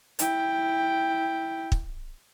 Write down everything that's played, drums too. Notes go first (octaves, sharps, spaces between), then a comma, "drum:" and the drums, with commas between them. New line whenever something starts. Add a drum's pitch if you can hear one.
E4 G5, drum: hi-hat
drum: kick